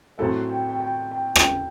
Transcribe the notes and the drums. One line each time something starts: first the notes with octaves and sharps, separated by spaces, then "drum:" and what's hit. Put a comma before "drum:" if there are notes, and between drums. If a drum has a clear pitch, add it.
A2 F#3 C4 E4 A4 E5
G5
G5
G5
G5
G5, drum: rim click